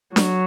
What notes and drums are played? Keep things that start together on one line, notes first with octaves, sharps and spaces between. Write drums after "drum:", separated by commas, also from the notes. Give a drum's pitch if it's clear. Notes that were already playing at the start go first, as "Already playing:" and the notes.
F#3, drum: snare D4